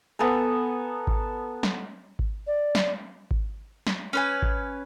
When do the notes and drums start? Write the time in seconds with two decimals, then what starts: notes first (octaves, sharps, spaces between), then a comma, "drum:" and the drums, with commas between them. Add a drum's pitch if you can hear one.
0.19 B3 A4 G#5 A#5
1.07 drum: kick G#1
1.63 drum: snare
2.19 drum: kick G#1
2.47 D5
2.75 drum: snare
3.31 drum: kick G#1
3.87 drum: snare
4.13 C#4 B4 G#5
4.42 drum: kick G#1